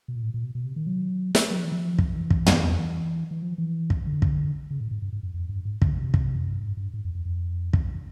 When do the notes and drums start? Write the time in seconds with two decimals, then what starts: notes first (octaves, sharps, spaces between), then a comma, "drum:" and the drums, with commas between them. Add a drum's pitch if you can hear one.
0.08 B2
0.16 A#2
0.23 A2
0.34 A#2
0.44 B2
0.55 B2
0.65 C3
0.76 D#3
0.87 F#3
1.35 drum: snare
1.50 F#3
1.58 F3
1.65 E3
1.72 F3
1.99 drum: kick
2.15 E3
2.30 drum: kick
2.46 drum: tom
2.79 E3
3.31 E3
3.42 F3
3.58 E3
3.90 drum: kick
4.07 D3
4.22 drum: kick
4.71 C#3
4.80 A2
4.91 G#2
5.02 G2
5.13 G#2
5.23 F#2
5.34 F2
5.49 G2
5.65 G#2
5.82 D3, drum: kick
5.97 C3
6.14 drum: kick
6.36 F2
6.44 F#2
6.52 G2
6.61 G#2
6.77 G2
6.94 G#2
7.05 F2
7.15 F2
7.25 F2
7.73 drum: kick